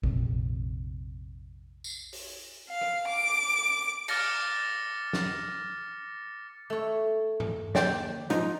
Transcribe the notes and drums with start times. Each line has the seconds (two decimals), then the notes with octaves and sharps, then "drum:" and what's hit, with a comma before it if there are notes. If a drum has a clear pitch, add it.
0.03 A#1 F2 C3 C4, drum: kick
1.84 drum: tambourine
2.13 drum: open hi-hat
2.69 F5
2.81 drum: rim click
3.07 D6
4.08 D6 F6 A6 A#6 C#7, drum: cymbal
5.13 drum: snare
6.70 A3 C#5
7.40 drum: tom G2
7.75 D#2 D5 G5, drum: snare
8.30 G#2 F3 D#4, drum: hi-hat